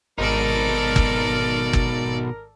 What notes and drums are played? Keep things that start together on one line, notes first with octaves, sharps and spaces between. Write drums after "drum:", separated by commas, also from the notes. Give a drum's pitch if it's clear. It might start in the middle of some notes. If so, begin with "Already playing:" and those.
G#1 G#2 B2 D#4 A4 A#4 D5
drum: kick G1
drum: kick G1